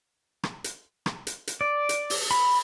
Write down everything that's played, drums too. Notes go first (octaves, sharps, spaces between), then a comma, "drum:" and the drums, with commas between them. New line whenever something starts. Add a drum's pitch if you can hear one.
drum: rim click
drum: hi-hat
drum: rim click
drum: hi-hat
drum: hi-hat
D5
drum: hi-hat
drum: open hi-hat
B5, drum: hi-hat